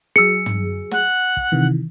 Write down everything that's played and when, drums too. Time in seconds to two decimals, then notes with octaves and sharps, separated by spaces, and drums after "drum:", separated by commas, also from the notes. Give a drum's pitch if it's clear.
0.16 F#3 G#4 E6 C#7
0.46 drum: tom
0.91 F#5, drum: snare
1.37 drum: kick
1.52 C3 D#3 E3